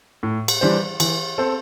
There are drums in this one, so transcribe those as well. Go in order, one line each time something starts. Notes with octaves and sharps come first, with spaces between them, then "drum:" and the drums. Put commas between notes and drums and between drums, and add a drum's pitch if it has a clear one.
A2
drum: cymbal
E3 G3 D4 C5
E3, drum: cymbal
C4 A4 C5